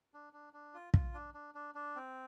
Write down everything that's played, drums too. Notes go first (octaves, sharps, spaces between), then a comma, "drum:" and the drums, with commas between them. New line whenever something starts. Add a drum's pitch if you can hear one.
D4
D4
D4
F4
F4, drum: kick
D4
D4
D4
D4
C4